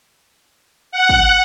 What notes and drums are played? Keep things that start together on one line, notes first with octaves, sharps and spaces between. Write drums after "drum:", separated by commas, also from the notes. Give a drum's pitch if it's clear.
F#5
drum: kick